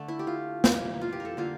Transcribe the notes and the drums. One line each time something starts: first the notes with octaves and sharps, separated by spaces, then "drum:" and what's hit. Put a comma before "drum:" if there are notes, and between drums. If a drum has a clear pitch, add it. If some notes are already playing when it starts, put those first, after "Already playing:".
Already playing: D3 A3
E4
G4
F4
E3 A#3, drum: snare
F4
G4
A4 A#4
D3 G3 A#3 F4